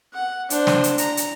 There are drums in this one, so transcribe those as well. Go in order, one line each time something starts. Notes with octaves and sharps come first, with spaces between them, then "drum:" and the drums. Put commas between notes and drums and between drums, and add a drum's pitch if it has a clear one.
F#5
D4 C5, drum: hi-hat
drum: snare
drum: hi-hat
A#5, drum: hi-hat
drum: hi-hat